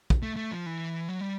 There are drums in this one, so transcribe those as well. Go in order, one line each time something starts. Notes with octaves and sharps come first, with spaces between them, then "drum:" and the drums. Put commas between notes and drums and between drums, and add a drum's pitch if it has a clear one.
drum: kick
A3
A3
F3
E3
F#3
G3